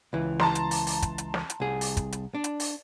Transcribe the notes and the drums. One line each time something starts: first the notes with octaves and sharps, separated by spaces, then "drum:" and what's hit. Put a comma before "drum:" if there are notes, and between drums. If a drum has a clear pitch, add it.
C#2 E3
A5 A#5 C6, drum: snare
drum: hi-hat
drum: open hi-hat
drum: open hi-hat
drum: kick, hi-hat
drum: hi-hat
drum: snare
drum: hi-hat
C2 G#4
drum: open hi-hat
drum: kick, hi-hat
drum: hi-hat
D4
drum: hi-hat
drum: open hi-hat